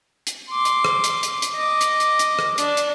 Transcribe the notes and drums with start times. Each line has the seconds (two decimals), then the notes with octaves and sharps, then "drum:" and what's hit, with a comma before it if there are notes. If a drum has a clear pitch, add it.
0.27 drum: hi-hat
0.50 C6 D6
0.65 drum: hi-hat
0.85 drum: rim click
1.04 drum: hi-hat
1.23 drum: hi-hat
1.42 drum: hi-hat
1.56 D#5 D6
1.81 drum: hi-hat
2.00 drum: hi-hat
2.19 drum: hi-hat
2.39 drum: rim click
2.58 D4, drum: hi-hat
2.77 drum: hi-hat